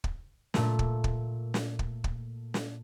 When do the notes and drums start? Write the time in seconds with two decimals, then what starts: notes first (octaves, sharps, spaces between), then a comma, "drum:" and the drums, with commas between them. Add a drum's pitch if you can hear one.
0.04 drum: kick
0.54 A#2 A3, drum: snare
0.79 drum: kick
1.04 drum: kick
1.54 drum: snare
1.79 drum: kick
2.04 drum: kick
2.54 drum: snare